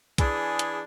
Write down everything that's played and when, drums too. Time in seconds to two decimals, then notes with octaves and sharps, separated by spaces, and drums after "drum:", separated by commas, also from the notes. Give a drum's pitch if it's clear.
0.18 E3 D4 G#4, drum: kick, hi-hat
0.59 drum: hi-hat